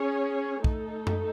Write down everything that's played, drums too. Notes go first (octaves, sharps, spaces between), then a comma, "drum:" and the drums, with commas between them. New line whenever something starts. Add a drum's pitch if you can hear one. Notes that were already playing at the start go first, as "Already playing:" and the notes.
Already playing: C#4 G#4 C#5
A3 D#4 A4, drum: kick
drum: tom F#2